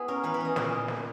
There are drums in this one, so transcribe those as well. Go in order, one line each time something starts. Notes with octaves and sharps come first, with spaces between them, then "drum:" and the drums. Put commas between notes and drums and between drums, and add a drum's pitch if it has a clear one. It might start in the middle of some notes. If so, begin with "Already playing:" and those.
Already playing: B3 E4 G#4
C#4 A#4
E3 B4
B4
C#4 D#5
A#2 D#5, drum: snare
drum: snare